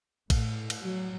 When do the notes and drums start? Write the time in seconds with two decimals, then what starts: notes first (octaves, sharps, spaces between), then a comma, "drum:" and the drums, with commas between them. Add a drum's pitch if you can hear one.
0.30 A2, drum: kick A1, cymbal
0.70 drum: cymbal
0.83 F#3